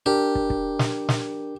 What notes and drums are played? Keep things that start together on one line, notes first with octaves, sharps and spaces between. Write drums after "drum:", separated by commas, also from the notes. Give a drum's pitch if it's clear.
D4 G4 A#4
drum: kick
drum: kick
drum: snare
drum: snare